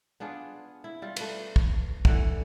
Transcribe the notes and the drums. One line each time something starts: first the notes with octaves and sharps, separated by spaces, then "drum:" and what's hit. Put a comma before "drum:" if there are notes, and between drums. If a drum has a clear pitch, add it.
B3 D4 F4 G#4
E4
G3 F4
A3 B4, drum: cymbal
drum: kick
D3 E3 G3 F#5, drum: kick